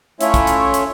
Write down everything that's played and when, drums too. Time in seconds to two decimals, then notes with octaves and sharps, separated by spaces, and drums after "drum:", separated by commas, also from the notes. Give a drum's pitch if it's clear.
0.21 A3 C#4 E4 F4 C#5 E5, drum: hi-hat
0.34 drum: kick, hi-hat
0.47 drum: hi-hat
0.74 drum: hi-hat